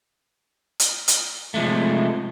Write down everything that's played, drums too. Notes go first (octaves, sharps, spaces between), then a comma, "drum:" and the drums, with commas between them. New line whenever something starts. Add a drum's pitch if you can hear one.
drum: hi-hat
drum: hi-hat
C3 F3 G#3 A3